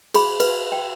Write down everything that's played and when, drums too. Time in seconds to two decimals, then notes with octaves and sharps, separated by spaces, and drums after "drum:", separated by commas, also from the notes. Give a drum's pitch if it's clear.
0.14 G#4 B5, drum: cymbal
0.40 B4, drum: cymbal
0.72 G5